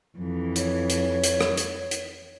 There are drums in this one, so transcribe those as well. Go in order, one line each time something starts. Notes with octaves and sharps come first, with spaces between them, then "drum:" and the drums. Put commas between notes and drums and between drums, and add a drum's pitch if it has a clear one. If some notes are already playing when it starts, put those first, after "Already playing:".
F2 E3
C#5, drum: hi-hat
drum: hi-hat
drum: hi-hat
drum: rim click
drum: hi-hat
drum: hi-hat